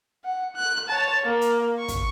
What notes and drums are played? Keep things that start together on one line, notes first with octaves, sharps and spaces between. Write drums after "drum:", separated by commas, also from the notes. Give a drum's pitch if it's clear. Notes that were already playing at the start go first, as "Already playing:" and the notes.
F#5
F#6
C#5 A5
A#3
drum: hi-hat
C#6
drum: kick, hi-hat